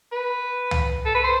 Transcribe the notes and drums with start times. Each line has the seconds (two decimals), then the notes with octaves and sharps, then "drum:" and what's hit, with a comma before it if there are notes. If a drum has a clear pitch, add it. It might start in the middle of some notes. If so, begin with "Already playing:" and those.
0.12 B4
0.71 drum: tom C#2
1.05 A4
1.15 B4
1.24 C5